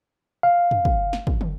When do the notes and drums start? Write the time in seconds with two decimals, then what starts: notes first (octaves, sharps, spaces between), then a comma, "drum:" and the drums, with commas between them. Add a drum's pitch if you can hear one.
0.43 F5
0.71 drum: tom F2
0.85 drum: kick
1.13 drum: snare
1.27 drum: kick
1.41 drum: tom